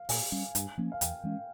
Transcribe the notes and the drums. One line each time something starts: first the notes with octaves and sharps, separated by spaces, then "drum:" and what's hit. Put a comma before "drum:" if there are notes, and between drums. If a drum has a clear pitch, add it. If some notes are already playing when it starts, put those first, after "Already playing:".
Already playing: F5
A#2 G#5, drum: open hi-hat
G3 C#4
G2, drum: hi-hat
F3 A#3 C#4
F5
E2 G5, drum: hi-hat
E3 G#3 C#4